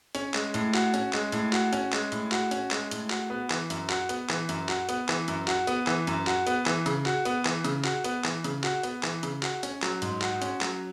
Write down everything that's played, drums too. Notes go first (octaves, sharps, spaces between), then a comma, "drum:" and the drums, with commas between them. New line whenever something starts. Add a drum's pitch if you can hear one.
C#4, drum: hi-hat
G#3, drum: clap
A2, drum: hi-hat
F#4, drum: clap
C#4, drum: hi-hat
G#3, drum: clap
A2, drum: hi-hat
F#4, drum: clap
C#4, drum: hi-hat
G#3, drum: clap
A2, drum: hi-hat
F#4, drum: clap
C#4, drum: hi-hat
G#3, drum: clap
A2, drum: hi-hat
F#4, drum: clap
B3
E3, drum: clap
F#2, drum: hi-hat
F#4, drum: clap
B3, drum: hi-hat
E3, drum: clap
F#2, drum: hi-hat
F#4, drum: clap
B3, drum: hi-hat
E3, drum: clap
F#2, drum: hi-hat
F#4, drum: clap
B3, drum: hi-hat
E3, drum: clap
F#2, drum: hi-hat
F#4, drum: clap
B3, drum: hi-hat
E3, drum: clap
C#3, drum: hi-hat
F#4, drum: clap
B3, drum: hi-hat
E3, drum: clap
C#3, drum: hi-hat
F#4, drum: clap
B3, drum: hi-hat
E3, drum: clap
C#3, drum: hi-hat
F#4, drum: clap
B3, drum: hi-hat
E3, drum: clap
C#3, drum: hi-hat
F#4, drum: clap
C#4, drum: hi-hat
F#3, drum: clap
G#2, drum: hi-hat
F#4, drum: clap
C#4, drum: hi-hat
F#3, drum: clap